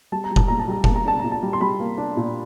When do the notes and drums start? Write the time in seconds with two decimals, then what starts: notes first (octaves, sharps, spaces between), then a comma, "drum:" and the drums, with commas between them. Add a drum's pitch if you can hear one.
0.12 G3 A5
0.24 A#5
0.31 G3
0.36 A5, drum: kick F1
0.48 A#2 A#5
0.59 A5
0.68 G3 A#5
0.84 A#3 A5, drum: kick F1
0.96 A#5
1.05 D4 A5
1.20 A#2 A#5
1.32 A5
1.43 G3
1.53 C6
1.61 G3 B5
1.80 A#3
1.98 D4
2.17 A#2